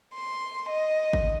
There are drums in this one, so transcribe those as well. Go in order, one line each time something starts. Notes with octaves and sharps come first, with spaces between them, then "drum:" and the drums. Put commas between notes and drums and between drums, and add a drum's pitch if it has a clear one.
C6
D#5
drum: kick G#1